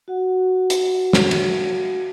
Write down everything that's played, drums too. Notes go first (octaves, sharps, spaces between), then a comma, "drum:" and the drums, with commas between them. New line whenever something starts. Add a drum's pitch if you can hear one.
F#4 F#5
drum: hi-hat
drum: snare
drum: cymbal